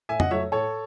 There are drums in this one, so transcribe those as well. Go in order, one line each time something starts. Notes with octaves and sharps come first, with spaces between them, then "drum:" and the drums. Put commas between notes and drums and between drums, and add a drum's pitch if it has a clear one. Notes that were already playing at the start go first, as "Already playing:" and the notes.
A2 E5 G#5
D#5 F#5, drum: tom F2
F#3 A3 C#5 E5
A2 A4 C#5